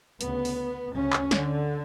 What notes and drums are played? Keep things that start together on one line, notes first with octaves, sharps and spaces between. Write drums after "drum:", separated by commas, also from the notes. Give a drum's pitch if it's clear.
D2 C#3 B3, drum: hi-hat
drum: open hi-hat
D2 C#3 C#4
drum: clap
D3, drum: snare